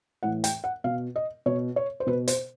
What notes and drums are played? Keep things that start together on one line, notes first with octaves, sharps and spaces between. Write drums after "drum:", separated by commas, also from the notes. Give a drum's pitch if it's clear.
A2 E3 F#5
G5, drum: hi-hat
F#5
B2 F5
D#5
B2 C#5
C#5
C5
B2 B4
C5, drum: hi-hat